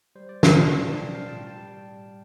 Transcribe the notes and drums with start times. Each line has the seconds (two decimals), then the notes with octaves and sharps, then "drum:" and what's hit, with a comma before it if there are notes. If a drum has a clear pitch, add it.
0.15 G3 C5
0.29 D5
0.43 B2 F5, drum: snare
0.57 A5
0.72 G3 C6
0.86 A5
1.00 G3 G5
1.14 F5
1.28 A2 A5
1.38 G5
1.47 A5
1.57 G3